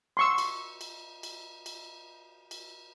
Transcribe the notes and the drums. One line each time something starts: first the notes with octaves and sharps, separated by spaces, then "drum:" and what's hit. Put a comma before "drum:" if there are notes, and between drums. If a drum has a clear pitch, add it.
C6 C#6 E6
drum: cymbal
drum: cymbal
drum: cymbal
drum: cymbal
drum: cymbal